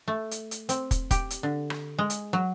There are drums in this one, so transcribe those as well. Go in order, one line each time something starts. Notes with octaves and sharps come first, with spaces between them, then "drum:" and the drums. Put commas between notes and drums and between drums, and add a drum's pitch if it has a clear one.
A3
drum: hi-hat
drum: hi-hat
C4, drum: hi-hat
drum: kick, hi-hat
G4, drum: kick, hi-hat
drum: hi-hat
D3
drum: rim click
G#3
drum: hi-hat
F#3